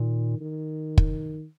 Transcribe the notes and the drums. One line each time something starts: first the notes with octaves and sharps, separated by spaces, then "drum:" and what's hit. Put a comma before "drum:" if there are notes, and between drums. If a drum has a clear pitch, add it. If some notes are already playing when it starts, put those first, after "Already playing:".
Already playing: A#2 D#3
D#3
drum: kick